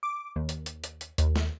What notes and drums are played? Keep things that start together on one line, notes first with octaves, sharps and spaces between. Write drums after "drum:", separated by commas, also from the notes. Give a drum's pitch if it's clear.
D6
D#2
drum: hi-hat
drum: hi-hat
drum: hi-hat
drum: hi-hat
D#2, drum: hi-hat
drum: snare